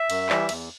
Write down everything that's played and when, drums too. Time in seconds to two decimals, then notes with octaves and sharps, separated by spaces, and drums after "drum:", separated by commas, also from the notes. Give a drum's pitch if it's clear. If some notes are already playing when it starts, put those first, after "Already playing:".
Already playing: E5
0.10 F#2, drum: cymbal
0.29 E3 G3, drum: clap
0.49 E2, drum: cymbal